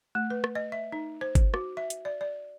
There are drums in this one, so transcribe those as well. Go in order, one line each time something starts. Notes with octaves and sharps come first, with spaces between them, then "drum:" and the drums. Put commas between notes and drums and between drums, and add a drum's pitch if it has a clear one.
A3
B4
drum: rim click
D#5
E5
D#4
C5
drum: kick G1, hi-hat
F#4, drum: rim click
E5
drum: hi-hat
D5
D5